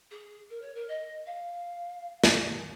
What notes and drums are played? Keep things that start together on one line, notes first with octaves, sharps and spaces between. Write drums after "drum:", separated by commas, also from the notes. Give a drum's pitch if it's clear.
G#4
A#4
C#5
A#4
D#5
F5
drum: snare